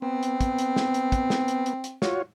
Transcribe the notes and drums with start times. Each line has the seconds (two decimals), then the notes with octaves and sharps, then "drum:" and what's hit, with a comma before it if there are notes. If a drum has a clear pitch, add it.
0.02 B3 C4
0.23 drum: hi-hat
0.41 drum: kick, hi-hat
0.58 drum: hi-hat
0.76 drum: snare
0.94 drum: hi-hat
1.12 drum: kick, hi-hat
1.30 drum: snare
1.48 drum: hi-hat
1.66 drum: hi-hat
1.84 drum: hi-hat
2.02 F4 F#4 C#5, drum: snare